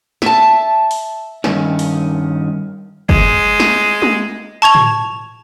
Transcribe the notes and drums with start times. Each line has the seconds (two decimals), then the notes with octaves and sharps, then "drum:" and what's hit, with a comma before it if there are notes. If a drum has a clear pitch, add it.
0.22 E5 A5, drum: snare
0.91 drum: open hi-hat
1.44 G2 D#3 C#4, drum: snare
1.79 drum: open hi-hat
3.09 G#3, drum: kick
3.60 drum: snare
4.02 drum: tom G#3
4.62 A5 C#6 G#6 F7
4.75 drum: tom A2